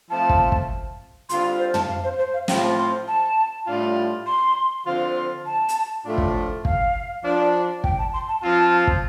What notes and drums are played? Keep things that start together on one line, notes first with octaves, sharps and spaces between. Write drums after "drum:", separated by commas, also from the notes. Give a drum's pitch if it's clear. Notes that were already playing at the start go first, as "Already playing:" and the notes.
F3 A3 C4 F4 A5
drum: kick
drum: kick
D3 G3 C4 F4 C6, drum: hi-hat
C5
A5, drum: tom
F5
C5
C5
F5
A2 F3 C4 F4 G5, drum: snare
A5
C6
A5
A2 G3 D4 F4
C6
D3 F3 C4 F4
A5
drum: hi-hat
A2 F3 A3 D4 F4
drum: kick
F5, drum: kick
F3 D4 F4
G5, drum: kick
A5
C6
A5
F3 C4 F4 A5
drum: kick